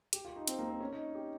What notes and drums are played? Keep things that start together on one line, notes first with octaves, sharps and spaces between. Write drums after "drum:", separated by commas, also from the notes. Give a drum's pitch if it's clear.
G4, drum: hi-hat
F4
D#4
C4, drum: hi-hat
A#3
C4
C#4
D#4
G4